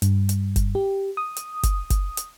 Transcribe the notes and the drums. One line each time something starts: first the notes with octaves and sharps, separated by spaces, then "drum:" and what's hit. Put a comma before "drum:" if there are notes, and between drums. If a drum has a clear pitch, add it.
G2, drum: hi-hat
drum: hi-hat
drum: kick F#1, hi-hat
G4
D#6
drum: hi-hat
drum: kick F#1, hi-hat
drum: kick F#1, hi-hat
drum: hi-hat